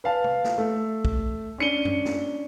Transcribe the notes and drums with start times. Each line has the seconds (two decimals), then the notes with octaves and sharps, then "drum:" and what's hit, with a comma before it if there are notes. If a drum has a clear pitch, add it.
0.04 B4 F5 A5
0.24 drum: tom
0.44 drum: snare
0.58 A3
1.05 drum: kick
1.58 C#4 D4 C#7 D#7 G7
1.85 drum: tom F#2
2.05 drum: snare